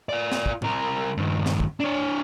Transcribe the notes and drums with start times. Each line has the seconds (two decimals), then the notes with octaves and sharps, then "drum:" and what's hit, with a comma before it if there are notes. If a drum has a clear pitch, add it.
0.09 F4 D5
0.32 drum: snare
0.46 drum: kick
0.62 C2 A#4, drum: tom
1.17 G2 D#3
1.46 drum: snare
1.60 drum: kick
1.80 D4 C#5